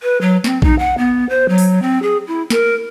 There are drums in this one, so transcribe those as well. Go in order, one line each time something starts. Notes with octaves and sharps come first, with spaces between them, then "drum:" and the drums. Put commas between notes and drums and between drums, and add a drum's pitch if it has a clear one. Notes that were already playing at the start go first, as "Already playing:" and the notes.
B4
F#3
C4, drum: snare
D#4, drum: kick A#1
F#5
B3
C5
F#3
drum: open hi-hat
C4
G#4
E4
A#4, drum: snare